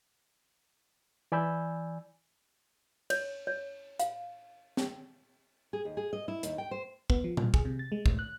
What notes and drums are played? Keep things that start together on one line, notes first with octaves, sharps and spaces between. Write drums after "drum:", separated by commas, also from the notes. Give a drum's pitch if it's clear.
E3 D5 G#5 B5 E6 G6
C#5, drum: cymbal
C#5
F5, drum: hi-hat
drum: snare
G#4
D#2
G#4
D#5
E4
D#2, drum: hi-hat
G5
C5
B3, drum: kick
F3
A#2, drum: tom B2
G#4, drum: kick
C3
A6
G#3
A2, drum: kick
F#6